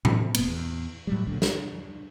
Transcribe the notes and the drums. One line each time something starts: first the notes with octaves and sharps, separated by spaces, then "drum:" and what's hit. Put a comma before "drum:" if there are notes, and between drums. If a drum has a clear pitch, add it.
C3 E3 F3, drum: tom A2
F1 A#3 B3, drum: cymbal
E2
A2 F#3 G3
B1 A#2 D3 F#3
D4, drum: snare